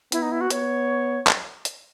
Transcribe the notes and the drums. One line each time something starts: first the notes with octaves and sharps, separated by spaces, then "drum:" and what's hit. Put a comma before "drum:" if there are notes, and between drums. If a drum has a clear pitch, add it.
B3 E4, drum: hi-hat
D#4
E4
F#4
B3 C#5, drum: hi-hat
drum: clap
drum: hi-hat